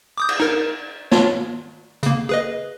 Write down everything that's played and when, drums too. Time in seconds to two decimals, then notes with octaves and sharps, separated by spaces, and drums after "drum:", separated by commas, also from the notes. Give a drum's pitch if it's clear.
0.18 D6 D#6 G6
0.29 drum: cymbal
0.40 D#4 A#4
1.12 F4 C#5, drum: snare
2.03 C#3 A#3, drum: hi-hat
2.29 G#4 B4 D#5